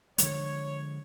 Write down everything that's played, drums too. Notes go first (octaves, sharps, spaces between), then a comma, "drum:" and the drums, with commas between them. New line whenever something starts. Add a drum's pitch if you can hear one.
D3 F3 G#3 C#5, drum: hi-hat